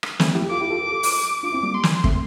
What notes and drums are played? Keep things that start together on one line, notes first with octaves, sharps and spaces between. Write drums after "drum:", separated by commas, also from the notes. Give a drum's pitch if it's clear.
drum: rim click
A3 C4, drum: snare
E4 G4
F4 A4 D6
E4 G4
F4 A4
G4 A#4
F4 A4
drum: open hi-hat
D4 F4 D6
C4 E4
G3 A#3
C6
drum: snare
A3 C4, drum: kick